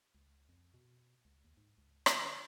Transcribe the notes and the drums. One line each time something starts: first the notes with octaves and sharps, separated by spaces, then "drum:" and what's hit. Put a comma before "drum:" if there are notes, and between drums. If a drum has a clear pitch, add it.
C#2
F2
B2
C#2
D#2
G#2
C#2
D3, drum: rim click